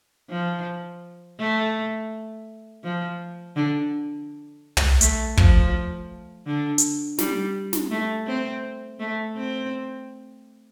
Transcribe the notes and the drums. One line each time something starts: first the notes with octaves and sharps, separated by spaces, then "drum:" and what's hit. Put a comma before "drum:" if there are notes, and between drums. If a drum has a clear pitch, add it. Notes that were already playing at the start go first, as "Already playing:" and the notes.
F3
A3
F3
D3
drum: tom
A3, drum: hi-hat
F3, drum: kick
D3
drum: hi-hat
G3, drum: snare
drum: snare
A3
C4
A3
C4